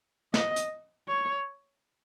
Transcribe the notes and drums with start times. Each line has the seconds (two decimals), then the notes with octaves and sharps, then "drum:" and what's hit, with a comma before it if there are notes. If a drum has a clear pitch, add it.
0.34 D#5, drum: snare
0.56 drum: hi-hat
1.08 C#5